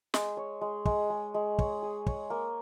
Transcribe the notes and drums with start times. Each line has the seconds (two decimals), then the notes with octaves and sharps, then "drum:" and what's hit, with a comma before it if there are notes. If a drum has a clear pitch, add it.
0.14 G#3, drum: snare
0.37 C#5
0.61 G#3
0.85 G#3, drum: kick
1.10 G#3
1.34 G#3
1.59 C#5, drum: kick
1.82 G#4
2.06 C#5, drum: kick
2.30 A#3